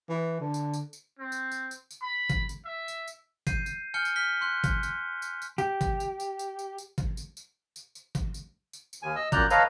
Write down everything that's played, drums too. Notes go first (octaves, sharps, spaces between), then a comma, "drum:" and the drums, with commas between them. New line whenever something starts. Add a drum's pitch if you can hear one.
E3
D3
drum: tambourine
drum: tambourine
drum: tambourine
C4
drum: tambourine
drum: tambourine
drum: tambourine
drum: tambourine
B5
drum: kick, tambourine
drum: tambourine
E5
drum: tambourine
drum: tambourine
G6 C7 D#7, drum: kick, tambourine
drum: tambourine
G#5 F6 G6 C#7 G7
drum: tambourine
F6 B6 G7
C6 F#6
drum: kick, tambourine
drum: tambourine
drum: tambourine
drum: tambourine
G4, drum: tambourine
drum: kick, tambourine
drum: tambourine
drum: tambourine
drum: tambourine
drum: tambourine
drum: tambourine
drum: kick, tambourine
drum: tambourine
drum: tambourine
drum: tambourine
drum: tambourine
drum: kick, tambourine
drum: tambourine
drum: tambourine
drum: tambourine
D#2 G#5
D#5 E6
F#2 A#2 D5 A#5 F#6 G6, drum: kick, tambourine
A4 B4 C#5 D#5 F5 A#5, drum: tambourine